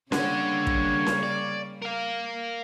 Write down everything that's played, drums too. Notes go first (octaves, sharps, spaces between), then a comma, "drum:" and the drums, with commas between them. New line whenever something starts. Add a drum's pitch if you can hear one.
C#3 G3 A#3 D4 C#5 F#5, drum: snare C#4
drum: kick
drum: snare C#4
D5
A#4 F5